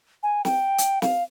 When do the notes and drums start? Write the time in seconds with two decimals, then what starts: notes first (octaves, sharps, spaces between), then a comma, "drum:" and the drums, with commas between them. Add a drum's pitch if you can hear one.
0.23 G#5
0.45 G5, drum: snare
0.78 drum: hi-hat
1.02 F5, drum: snare